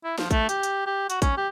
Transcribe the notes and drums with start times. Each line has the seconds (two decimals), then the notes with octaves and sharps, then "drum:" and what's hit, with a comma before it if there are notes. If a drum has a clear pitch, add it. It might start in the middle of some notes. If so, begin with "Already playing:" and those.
0.04 E4
0.18 F3, drum: snare
0.31 A3, drum: kick, hi-hat
0.49 G4, drum: hi-hat
0.63 drum: hi-hat
0.86 G4
1.10 F#4, drum: hi-hat
1.22 C#4, drum: kick, hi-hat
1.37 G4